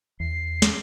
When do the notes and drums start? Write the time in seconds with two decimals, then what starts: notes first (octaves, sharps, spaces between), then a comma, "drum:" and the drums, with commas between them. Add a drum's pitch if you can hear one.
0.20 E2 C7
0.62 drum: snare